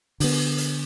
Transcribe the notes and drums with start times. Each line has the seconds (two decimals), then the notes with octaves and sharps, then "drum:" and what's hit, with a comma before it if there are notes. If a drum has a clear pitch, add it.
0.20 D3 B3, drum: open hi-hat
0.58 drum: hi-hat